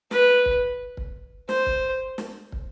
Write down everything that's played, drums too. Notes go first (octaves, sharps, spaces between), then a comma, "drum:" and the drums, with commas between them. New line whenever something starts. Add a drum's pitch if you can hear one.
B4, drum: snare
drum: kick
drum: kick
C5, drum: snare
drum: kick
drum: snare
drum: kick